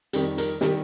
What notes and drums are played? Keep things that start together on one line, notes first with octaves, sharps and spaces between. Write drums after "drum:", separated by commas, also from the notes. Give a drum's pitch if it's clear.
F2 D#3 G3 G4, drum: hi-hat
A#4, drum: hi-hat
D#3 G3 G4, drum: snare